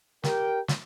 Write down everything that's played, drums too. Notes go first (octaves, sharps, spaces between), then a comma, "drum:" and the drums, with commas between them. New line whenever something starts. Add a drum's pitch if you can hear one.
G4 A#4 G5, drum: snare
drum: snare